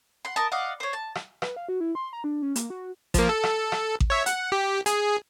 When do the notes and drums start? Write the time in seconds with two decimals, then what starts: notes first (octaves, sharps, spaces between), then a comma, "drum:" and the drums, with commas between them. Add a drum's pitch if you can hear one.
0.25 F#5 C6
0.36 A#4 D#5 A5
0.52 D5 D#5 F5 F#5
0.80 C5 C#5
0.93 A5
1.15 drum: rim click
1.42 B4, drum: rim click
1.56 F5
1.69 F#4
1.80 E4
1.95 C6
2.13 A#5
2.24 D4
2.42 C#4
2.56 A#3, drum: hi-hat
2.70 F#4
3.14 F3 A#3, drum: kick A1, hi-hat
3.29 A4
3.43 drum: rim click
3.72 drum: rim click
4.00 drum: kick A1
4.10 C#5 E5
4.26 F#5, drum: hi-hat
4.52 G4
4.86 G#4, drum: hi-hat